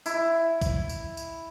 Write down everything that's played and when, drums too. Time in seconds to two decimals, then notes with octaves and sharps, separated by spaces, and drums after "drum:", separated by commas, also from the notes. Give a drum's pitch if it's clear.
0.06 E4, drum: tambourine
0.62 drum: kick B1, tambourine
0.89 drum: tambourine
1.17 drum: tambourine